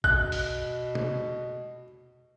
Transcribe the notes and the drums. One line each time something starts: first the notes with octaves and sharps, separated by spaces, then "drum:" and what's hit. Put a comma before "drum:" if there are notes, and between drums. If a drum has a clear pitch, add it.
B2 F#6, drum: kick A#1
drum: open hi-hat
drum: tom